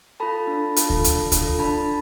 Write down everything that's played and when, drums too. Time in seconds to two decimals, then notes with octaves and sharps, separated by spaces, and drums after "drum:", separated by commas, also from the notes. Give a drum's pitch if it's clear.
0.20 F4 A4 A5 B5
0.47 D4
0.76 F4 A4, drum: hi-hat
0.90 drum: kick D2
1.04 D4, drum: hi-hat
1.32 F4 A4, drum: kick D2, hi-hat
1.59 D4 A5 B5